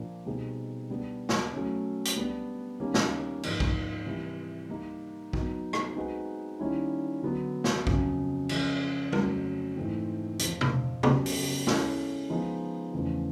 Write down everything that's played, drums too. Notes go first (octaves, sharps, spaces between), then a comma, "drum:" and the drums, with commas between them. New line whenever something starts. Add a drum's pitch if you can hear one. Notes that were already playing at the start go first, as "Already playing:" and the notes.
Already playing: A#2 F3 A#3 D4
B2 G3 C4 D#4 G#4
G3 B3 D4 G4
drum: snare
F#3 A3 C#4
drum: hi-hat
G3 B3 D4
D#3 G3 A#3 C#4
drum: snare
G#2 F3 A#3, drum: cymbal
drum: kick A#1
C3 E3 G3 C4 E4
G3 A#3 D#4
F#3 B3 D#4, drum: kick A#1
drum: rim click
G#3 C4 D#4 F#4 B4
D#3 G3 A#3 C#4 E4
D3 F#3 B3
drum: snare
F2 C#3 F#3, drum: kick A#1
C#3 F3 G#3 C#4, drum: cymbal
F2 C#3 F#3 A3 C#4, drum: tom G3
G#2 E3 A3 C4
F2 C3 F3, drum: hi-hat
drum: tom B2
C#3 F#3 B3 D4 G4, drum: tom C3
drum: open hi-hat
G#3 C#4 E4 A4, drum: snare
F3 G#3 B3 D#4
E2 C#3 F3 A3 D4